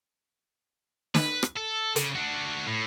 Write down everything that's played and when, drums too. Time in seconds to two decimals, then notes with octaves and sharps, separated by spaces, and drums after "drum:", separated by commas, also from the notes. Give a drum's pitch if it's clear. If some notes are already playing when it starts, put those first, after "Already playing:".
1.15 B4, drum: snare
1.43 drum: rim click
1.56 A4
1.96 C#3, drum: hi-hat
2.15 D4 F#4
2.67 A2